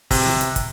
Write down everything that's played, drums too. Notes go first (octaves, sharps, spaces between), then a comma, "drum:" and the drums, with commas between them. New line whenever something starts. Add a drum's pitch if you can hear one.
C3, drum: kick, open hi-hat
drum: snare
drum: hi-hat
drum: kick, hi-hat